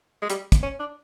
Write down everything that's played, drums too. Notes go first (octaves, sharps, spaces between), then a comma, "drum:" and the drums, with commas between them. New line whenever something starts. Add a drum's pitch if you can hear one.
G#3
G3, drum: hi-hat
drum: kick, hi-hat
C#4
D4